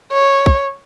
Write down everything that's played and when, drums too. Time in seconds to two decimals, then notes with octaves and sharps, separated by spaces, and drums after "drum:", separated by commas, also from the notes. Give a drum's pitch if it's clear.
0.12 C#5
0.46 drum: kick